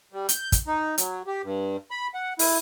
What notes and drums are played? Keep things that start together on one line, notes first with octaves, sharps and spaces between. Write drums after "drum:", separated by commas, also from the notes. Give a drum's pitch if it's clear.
G3
G6, drum: hi-hat
drum: kick, hi-hat
D#4
F#3, drum: hi-hat
G4
G2
B5
F#5
E4, drum: open hi-hat